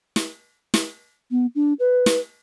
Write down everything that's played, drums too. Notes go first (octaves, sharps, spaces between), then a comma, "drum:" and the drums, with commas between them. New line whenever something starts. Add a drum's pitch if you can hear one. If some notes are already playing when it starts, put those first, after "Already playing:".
drum: snare
drum: snare
B3
D4
B4
drum: snare